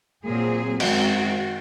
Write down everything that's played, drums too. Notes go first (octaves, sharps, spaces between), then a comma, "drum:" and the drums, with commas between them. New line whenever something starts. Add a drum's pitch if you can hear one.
A#2 F#3 C4 G#4
F#2 D#3 G#3 C4 F#4, drum: cymbal